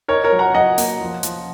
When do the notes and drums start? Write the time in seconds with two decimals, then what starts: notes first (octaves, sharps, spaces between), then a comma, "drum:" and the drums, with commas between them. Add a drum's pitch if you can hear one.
0.08 D#4 A#4 C#5
0.24 A#4 C#5
0.32 F#3
0.39 F#5 A#5
0.55 F#3 D#5 F#5
0.78 A#3, drum: open hi-hat
1.01 F3
1.23 F3, drum: hi-hat